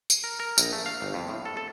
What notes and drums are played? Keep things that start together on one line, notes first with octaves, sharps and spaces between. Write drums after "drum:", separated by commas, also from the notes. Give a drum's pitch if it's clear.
drum: tambourine
A#4
A#4
A#1, drum: tambourine
A3
F5
G1
F2
A2
A4
A4